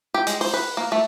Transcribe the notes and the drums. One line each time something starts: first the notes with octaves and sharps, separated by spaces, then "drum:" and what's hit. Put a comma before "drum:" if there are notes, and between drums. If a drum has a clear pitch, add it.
G4
G#3, drum: hi-hat
C5, drum: open hi-hat
B4
A#3
A3